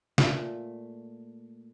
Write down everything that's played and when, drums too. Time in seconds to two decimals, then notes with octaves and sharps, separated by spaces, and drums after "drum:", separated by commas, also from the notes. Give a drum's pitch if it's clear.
0.18 A#2 A3, drum: snare